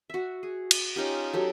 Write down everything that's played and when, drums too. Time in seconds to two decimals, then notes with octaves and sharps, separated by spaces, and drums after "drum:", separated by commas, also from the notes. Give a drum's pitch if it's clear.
0.10 F#4 E5
0.43 G#4
0.71 drum: cymbal
0.96 C#4 D#4 F4 G4
1.33 F#3 G4 A4